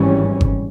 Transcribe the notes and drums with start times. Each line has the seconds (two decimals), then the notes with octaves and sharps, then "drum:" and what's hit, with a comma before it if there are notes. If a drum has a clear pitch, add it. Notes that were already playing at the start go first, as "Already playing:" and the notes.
Already playing: G#1 G#2 E3 G3 C#4
0.41 drum: kick G1